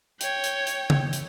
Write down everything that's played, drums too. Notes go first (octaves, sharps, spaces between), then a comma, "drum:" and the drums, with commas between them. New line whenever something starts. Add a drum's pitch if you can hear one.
C#5 G5, drum: hi-hat
drum: hi-hat
drum: hi-hat
drum: tom C#3
drum: hi-hat